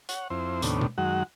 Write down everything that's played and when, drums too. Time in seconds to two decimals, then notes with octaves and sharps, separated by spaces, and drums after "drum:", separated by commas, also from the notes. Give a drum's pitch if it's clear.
0.09 C#5 F#5, drum: hi-hat
0.30 F2 C4 E4 C5
0.62 D#2 A2 C3 B3 C#4 D4, drum: hi-hat
0.81 drum: tom
0.98 F#2 D#3 F#3 G#3 F#4 F#5